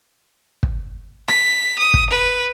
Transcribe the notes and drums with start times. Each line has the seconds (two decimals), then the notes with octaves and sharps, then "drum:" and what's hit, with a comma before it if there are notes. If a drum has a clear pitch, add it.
0.63 drum: kick
1.28 B6, drum: rim click
1.79 D#6
1.94 drum: kick
2.10 B4